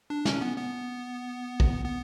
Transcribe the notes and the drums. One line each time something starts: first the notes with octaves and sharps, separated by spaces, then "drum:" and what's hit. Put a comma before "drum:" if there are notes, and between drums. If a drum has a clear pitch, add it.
D4
C#4, drum: snare
B3
B3
drum: kick
B3